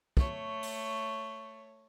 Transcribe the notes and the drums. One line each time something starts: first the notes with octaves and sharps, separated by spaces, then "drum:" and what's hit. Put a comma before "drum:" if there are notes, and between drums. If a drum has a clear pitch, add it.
A3 C#5, drum: kick
drum: open hi-hat